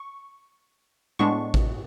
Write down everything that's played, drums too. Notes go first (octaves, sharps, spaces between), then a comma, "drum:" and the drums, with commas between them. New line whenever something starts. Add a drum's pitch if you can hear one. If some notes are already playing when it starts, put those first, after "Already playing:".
Already playing: C#6
A2 G#3 B3 D4 C#6
drum: kick A1